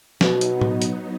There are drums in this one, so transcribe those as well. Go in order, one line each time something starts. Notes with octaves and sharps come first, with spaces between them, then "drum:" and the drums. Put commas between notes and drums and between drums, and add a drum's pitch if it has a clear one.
B2 F#3 B3 D#4, drum: snare
drum: hi-hat
drum: tom A2
drum: hi-hat